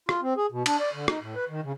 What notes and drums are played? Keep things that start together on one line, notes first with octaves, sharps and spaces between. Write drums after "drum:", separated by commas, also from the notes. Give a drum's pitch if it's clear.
F4, drum: rim click
C4
G#4
B2
D4, drum: cymbal
D5
D3
D#4, drum: rim click
A2
B4
D#3
C#3